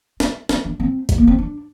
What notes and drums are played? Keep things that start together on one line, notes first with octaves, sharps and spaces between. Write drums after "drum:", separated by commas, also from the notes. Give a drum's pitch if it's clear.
C4, drum: snare
C4, drum: snare
D4
C4
drum: kick A1, hi-hat
A#3
C4
D4